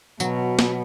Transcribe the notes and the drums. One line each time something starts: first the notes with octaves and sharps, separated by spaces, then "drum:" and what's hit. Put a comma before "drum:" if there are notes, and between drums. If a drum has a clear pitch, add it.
B2 F#3, drum: tambourine
drum: snare